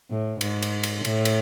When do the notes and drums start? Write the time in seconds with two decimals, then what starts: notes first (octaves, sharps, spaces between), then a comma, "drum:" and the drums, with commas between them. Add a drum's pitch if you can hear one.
0.11 A2
0.41 G#2, drum: cymbal
0.62 drum: cymbal
0.83 drum: cymbal
1.05 A2, drum: cymbal
1.25 drum: cymbal